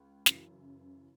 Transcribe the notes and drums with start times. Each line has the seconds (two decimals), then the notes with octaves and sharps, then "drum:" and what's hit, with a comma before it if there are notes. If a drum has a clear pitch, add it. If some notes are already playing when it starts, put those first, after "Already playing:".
Already playing: C#2
0.26 F#2 C#3 E3, drum: snare